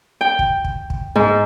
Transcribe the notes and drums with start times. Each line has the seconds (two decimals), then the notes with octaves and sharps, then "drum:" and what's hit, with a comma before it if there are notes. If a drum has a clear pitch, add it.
0.21 G5
0.39 drum: kick
0.64 drum: kick
0.90 drum: kick
1.15 G#2